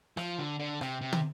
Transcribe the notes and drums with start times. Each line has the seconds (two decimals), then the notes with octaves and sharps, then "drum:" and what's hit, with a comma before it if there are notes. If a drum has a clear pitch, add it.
0.17 F3, drum: rim click
0.38 D3
0.59 D3
0.81 C3, drum: rim click
1.01 C3
1.13 drum: tom